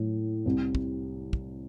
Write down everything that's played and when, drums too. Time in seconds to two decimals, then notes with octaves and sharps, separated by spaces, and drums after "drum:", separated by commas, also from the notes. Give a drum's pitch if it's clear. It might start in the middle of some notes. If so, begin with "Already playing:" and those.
Already playing: A2 F#3 A3
0.46 C2 C3 G3
0.75 drum: kick
1.33 drum: kick